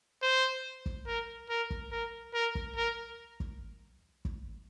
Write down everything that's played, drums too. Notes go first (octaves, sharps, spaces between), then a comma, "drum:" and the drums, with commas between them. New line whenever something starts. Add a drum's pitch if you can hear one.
C5
drum: kick
A#4
A#4
drum: kick
A#4
A#4
drum: kick
A#4
drum: kick
drum: kick